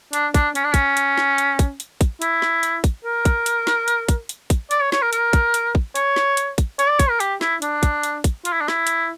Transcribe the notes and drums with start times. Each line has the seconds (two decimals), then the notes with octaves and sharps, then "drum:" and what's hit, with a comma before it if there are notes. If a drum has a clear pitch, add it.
0.13 D4, drum: hi-hat
0.34 D4, drum: kick, hi-hat
0.55 C#4, drum: hi-hat
0.64 D4
0.74 C#4, drum: kick, hi-hat
0.97 drum: hi-hat
1.17 drum: snare
1.38 drum: hi-hat
1.59 drum: kick, hi-hat
1.80 drum: hi-hat
2.01 drum: kick, hi-hat
2.22 E4, drum: hi-hat
2.42 drum: snare
2.63 drum: hi-hat
2.84 drum: kick, hi-hat
3.05 A#4
3.25 drum: kick, hi-hat
3.46 drum: hi-hat
3.67 drum: snare
3.88 drum: hi-hat
4.09 drum: kick, hi-hat
4.29 drum: hi-hat
4.50 drum: kick, hi-hat
4.71 D5, drum: hi-hat
4.81 C#5
4.92 C#5, drum: snare
5.02 A#4
5.13 A#4, drum: hi-hat
5.33 drum: kick, hi-hat
5.54 drum: hi-hat
5.75 drum: kick
5.95 C#5, drum: hi-hat
6.16 drum: snare
6.37 drum: hi-hat
6.58 drum: kick, hi-hat
6.79 C#5, drum: hi-hat
6.89 D5
6.99 C#5, drum: kick, hi-hat
7.10 A#4
7.20 G4, drum: hi-hat
7.41 E4, drum: snare
7.62 D4, drum: hi-hat
7.83 drum: kick, hi-hat
8.03 drum: hi-hat
8.24 drum: kick, hi-hat
8.45 F4, drum: hi-hat
8.53 E4
8.61 D4
8.68 E4, drum: snare
8.87 drum: hi-hat